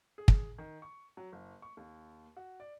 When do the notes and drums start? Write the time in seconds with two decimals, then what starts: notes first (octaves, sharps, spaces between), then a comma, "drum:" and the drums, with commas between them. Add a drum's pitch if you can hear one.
0.18 G#4
0.28 drum: kick
0.58 D#3
0.82 C#6
1.17 F#3
1.32 F#1
1.62 C#6
1.77 D#2
2.37 F#4
2.60 D5